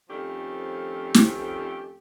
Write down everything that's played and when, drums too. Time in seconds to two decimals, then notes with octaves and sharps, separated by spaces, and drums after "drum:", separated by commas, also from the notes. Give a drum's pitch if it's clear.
0.09 F2 D#3 F3 A3 C#4 G4
1.14 drum: snare